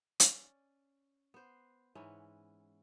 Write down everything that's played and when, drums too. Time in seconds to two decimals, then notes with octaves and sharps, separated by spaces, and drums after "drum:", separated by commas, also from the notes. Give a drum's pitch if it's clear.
0.20 C#4 D5, drum: hi-hat
1.34 B3 C5
1.95 G#2 E3 B3 C#4